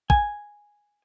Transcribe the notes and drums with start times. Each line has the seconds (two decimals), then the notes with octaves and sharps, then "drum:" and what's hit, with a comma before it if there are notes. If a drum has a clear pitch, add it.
0.10 G#5, drum: kick